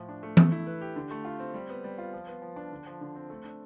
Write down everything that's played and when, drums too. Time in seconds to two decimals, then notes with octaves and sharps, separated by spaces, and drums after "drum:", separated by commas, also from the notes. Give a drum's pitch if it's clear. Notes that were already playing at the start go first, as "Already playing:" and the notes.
Already playing: A2 F3
0.09 D4
0.23 A3
0.37 A3, drum: tom E3
0.52 E4
0.67 B4
0.81 G4
0.96 D3
1.11 A3
1.25 F4
1.40 C4
1.54 G3
1.69 B3
1.84 G3
1.98 F4
2.13 F3
2.27 B3
2.42 F3
2.56 D4
2.72 D3
2.86 F3
3.01 D3
3.16 C4
3.30 A3
3.44 D4